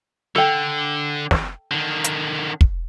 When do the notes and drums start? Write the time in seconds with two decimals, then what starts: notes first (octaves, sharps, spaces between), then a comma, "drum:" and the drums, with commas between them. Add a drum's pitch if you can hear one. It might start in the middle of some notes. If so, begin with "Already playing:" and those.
0.36 D3 A4 G5
1.31 drum: snare
1.71 D3 D#3
2.04 drum: hi-hat
2.61 drum: kick